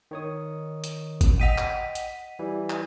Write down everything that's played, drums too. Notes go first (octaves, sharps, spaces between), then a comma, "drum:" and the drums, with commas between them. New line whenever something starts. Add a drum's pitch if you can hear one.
D#3 C#5 D#6
drum: hi-hat
drum: kick, hi-hat
D#5 F#5 G5 B6 D#7
drum: clap
drum: hi-hat
E3 G3
drum: clap